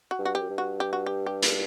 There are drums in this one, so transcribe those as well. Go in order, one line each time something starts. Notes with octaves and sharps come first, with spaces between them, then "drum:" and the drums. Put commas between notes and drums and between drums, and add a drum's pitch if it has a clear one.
F#4
G2
F#4
G4
F#2
G2
F#4
G4
F#4
G4
G4
drum: hi-hat